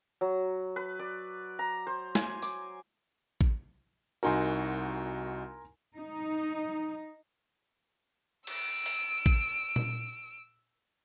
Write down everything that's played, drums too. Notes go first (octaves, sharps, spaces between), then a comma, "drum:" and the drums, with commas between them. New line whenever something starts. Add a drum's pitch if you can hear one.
F#3
B4
D5
A#5
C5
G#5, drum: snare
D6, drum: tambourine
drum: kick A1
C2 D#4 F#4 A#4 G#5 C6
D#4
E6 D7, drum: cymbal
drum: open hi-hat
drum: kick A1
drum: tom A#2